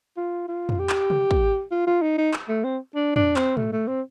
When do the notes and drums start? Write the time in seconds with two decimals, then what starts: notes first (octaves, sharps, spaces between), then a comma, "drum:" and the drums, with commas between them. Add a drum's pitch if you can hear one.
0.17 F4
0.48 F4
0.69 drum: tom
0.79 G4
0.89 drum: clap
1.10 drum: tom
1.31 drum: kick
1.72 F4
1.87 F4
2.02 D#4
2.18 D#4
2.34 drum: clap
2.49 A3
2.64 C4
2.95 D4
3.16 D4, drum: tom
3.36 C4, drum: clap
3.57 A3, drum: tom
3.72 A3
3.88 C4